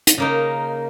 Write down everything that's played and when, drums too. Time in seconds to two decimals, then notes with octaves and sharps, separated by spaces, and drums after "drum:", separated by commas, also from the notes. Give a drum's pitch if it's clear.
0.07 drum: hi-hat
0.18 C#3 A#3 D#4